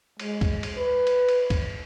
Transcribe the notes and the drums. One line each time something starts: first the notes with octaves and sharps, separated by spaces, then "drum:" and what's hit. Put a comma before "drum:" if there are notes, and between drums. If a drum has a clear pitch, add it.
G#3, drum: cymbal
drum: kick, cymbal
drum: cymbal
B4
drum: cymbal
drum: cymbal
drum: kick, cymbal